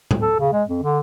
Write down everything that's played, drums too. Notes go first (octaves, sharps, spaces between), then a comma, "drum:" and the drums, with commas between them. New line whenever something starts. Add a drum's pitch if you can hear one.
drum: tom A2
A4
C#3
G#3
F2
D3